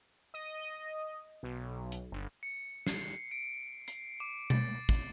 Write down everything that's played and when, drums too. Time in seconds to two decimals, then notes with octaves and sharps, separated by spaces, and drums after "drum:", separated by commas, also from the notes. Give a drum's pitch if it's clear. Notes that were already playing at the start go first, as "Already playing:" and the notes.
0.34 D#5
1.43 B1
1.92 drum: hi-hat
2.11 G1
2.43 C#7
2.87 C7, drum: snare
3.31 D7
3.88 C7, drum: hi-hat
4.20 D6
4.50 A6, drum: tom B2
4.89 drum: kick G#1